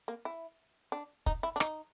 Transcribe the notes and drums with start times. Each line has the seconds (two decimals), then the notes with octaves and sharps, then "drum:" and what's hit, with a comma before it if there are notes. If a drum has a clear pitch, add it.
0.08 A#3
0.25 E4
0.92 D4
1.26 D#4, drum: kick
1.43 E4
1.56 D4
1.60 D#4, drum: rim click